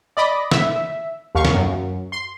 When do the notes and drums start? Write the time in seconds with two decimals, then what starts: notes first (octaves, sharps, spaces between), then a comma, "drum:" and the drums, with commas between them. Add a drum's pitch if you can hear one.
0.17 D5 D#5 B5 D6
0.51 E5, drum: snare
1.35 D#2 F5 C#6
1.45 drum: snare
1.54 F#2
2.12 C6